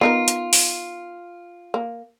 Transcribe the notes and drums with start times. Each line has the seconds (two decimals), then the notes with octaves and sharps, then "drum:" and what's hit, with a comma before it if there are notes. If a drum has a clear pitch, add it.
0.01 B3 D#4 F4 A#4
0.28 drum: hi-hat
0.53 drum: open hi-hat
1.74 A#3